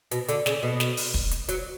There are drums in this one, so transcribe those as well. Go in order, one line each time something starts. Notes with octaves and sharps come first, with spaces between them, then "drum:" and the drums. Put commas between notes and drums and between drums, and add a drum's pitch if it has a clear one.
B2, drum: hi-hat
D3, drum: hi-hat
C#3, drum: snare
B2
drum: snare
drum: open hi-hat
drum: kick
drum: hi-hat
F#3, drum: hi-hat